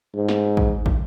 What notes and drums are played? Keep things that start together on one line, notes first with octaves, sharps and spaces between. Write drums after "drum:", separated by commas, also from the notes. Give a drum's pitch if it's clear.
G#2
drum: snare
drum: kick
drum: kick